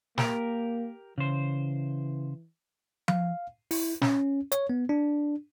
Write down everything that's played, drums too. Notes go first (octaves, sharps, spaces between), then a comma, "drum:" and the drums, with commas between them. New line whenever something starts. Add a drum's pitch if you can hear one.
A#3 G4 A#4, drum: snare
C#3 E3 C5
F5, drum: tom F3
E4, drum: open hi-hat
C#4, drum: snare
C#5, drum: hi-hat
B3
D4